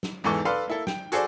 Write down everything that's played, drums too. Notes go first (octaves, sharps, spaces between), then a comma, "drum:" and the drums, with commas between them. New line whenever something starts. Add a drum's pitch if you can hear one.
drum: snare
E2 G#2 E3 A4 C#6 A6
A4 B4 D5 F5 C6 F6
A#3 E4 A4
G5, drum: snare
F#4 G#4 A4 C5 D5, drum: hi-hat